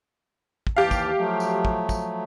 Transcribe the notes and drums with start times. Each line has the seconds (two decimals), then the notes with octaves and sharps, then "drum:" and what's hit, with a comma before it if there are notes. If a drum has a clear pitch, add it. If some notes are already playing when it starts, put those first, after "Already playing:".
0.67 drum: kick
0.77 D#2 E3 G4 F5 A5
0.91 drum: kick, tambourine
1.16 F3 F#3 A3
1.40 drum: tambourine
1.65 drum: kick
1.89 drum: kick, tambourine